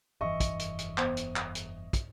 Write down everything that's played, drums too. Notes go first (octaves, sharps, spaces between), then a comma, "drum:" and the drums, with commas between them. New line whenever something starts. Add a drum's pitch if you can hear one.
F1 G2 E3 D#5 E5 C#6
drum: kick, hi-hat
drum: hi-hat
drum: hi-hat
B3 C5, drum: clap
drum: hi-hat
drum: clap
drum: hi-hat
drum: kick, hi-hat